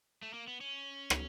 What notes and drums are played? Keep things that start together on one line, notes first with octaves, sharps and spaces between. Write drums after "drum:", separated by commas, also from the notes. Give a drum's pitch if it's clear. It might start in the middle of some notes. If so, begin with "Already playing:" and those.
A3
A#3
B3
C#4
drum: rim click